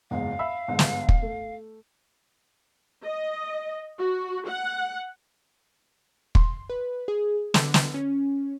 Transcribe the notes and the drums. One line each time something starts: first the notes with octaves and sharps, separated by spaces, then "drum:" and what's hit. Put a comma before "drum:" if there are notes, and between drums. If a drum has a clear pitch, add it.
F#1 E2 G#2 F5
E5 B5 E6
G1 G#2
drum: snare
drum: kick
A3
D#5
F#4
F#5
C6, drum: kick
B4
G#4
D3, drum: snare
drum: snare
C#4